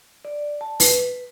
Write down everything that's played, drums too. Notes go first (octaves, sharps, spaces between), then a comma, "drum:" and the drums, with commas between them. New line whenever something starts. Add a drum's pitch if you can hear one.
D5
A5
B4, drum: open hi-hat